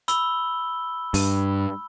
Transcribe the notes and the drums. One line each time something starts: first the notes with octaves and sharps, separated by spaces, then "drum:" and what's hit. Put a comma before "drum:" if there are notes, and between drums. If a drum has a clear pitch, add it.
B5 E6 G7, drum: hi-hat
G2, drum: open hi-hat